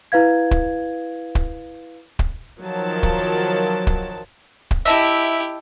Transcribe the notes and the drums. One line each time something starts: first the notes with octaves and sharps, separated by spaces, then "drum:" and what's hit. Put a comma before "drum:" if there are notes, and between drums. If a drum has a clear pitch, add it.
E4 B4 F5 G#6
drum: kick
drum: kick
drum: kick
D#3 F3 F#3 A#4 A5
drum: kick
drum: kick
drum: kick
E4 G4 D#5 E5 A5